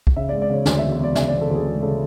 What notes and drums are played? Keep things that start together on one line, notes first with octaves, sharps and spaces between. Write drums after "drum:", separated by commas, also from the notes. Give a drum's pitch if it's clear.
drum: kick
C#3 E5
D5
G#3
D5
C#3 C#5
D2 D5, drum: snare
E1 E5
E5
E1 D5
C#3 E5, drum: snare
E1 D5
A4
D2 G#4
G#3
C#3 A4